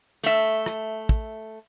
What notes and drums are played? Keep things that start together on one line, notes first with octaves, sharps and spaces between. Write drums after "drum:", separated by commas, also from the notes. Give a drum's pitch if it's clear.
A3 E5
drum: rim click
drum: kick